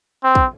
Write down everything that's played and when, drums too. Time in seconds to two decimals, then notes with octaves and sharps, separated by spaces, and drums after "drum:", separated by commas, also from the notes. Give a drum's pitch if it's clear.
0.24 C4
0.35 drum: kick